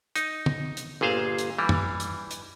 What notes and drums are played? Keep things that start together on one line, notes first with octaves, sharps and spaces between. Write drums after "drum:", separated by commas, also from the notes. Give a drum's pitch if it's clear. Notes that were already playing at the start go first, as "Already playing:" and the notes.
D#4, drum: hi-hat
drum: tom
drum: hi-hat
G1 A#2 G#4 C5 F5
drum: hi-hat
E3 G3
drum: tom
drum: hi-hat
drum: hi-hat